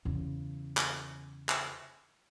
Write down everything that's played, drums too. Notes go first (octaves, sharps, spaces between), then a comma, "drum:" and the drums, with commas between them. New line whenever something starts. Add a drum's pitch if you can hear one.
E2 C#3
drum: clap
drum: clap